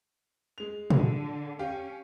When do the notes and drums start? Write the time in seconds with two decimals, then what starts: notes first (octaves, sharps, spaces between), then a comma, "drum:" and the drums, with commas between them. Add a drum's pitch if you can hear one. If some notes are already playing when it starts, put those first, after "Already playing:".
0.58 G#3 F7
0.90 D3, drum: tom
1.59 C#4 G4 F5